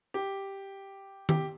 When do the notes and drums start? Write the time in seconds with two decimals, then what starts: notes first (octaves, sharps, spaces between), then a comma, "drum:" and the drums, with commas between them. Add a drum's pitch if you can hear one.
0.14 G4
1.29 G4, drum: tom D#3